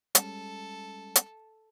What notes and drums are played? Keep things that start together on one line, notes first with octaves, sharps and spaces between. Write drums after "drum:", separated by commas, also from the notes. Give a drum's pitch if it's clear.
G3 G#3 C#4 A4, drum: hi-hat
drum: hi-hat